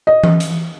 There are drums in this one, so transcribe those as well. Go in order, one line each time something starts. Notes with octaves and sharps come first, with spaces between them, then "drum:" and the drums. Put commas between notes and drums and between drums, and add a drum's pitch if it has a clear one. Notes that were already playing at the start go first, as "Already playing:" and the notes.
D#5
drum: tom E3
drum: hi-hat